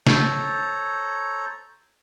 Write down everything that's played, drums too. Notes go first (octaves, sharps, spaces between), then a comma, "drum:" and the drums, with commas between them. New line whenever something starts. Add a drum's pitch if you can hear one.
A4 C5 C#5 A#5, drum: snare